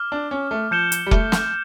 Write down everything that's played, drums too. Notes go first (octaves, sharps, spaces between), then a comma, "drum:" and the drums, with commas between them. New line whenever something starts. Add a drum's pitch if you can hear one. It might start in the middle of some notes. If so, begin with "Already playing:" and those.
Already playing: D6 F6
D4
C#4
A3
F3 G6 C#7 E7 G7
drum: hi-hat
G3
A3, drum: kick F1
drum: snare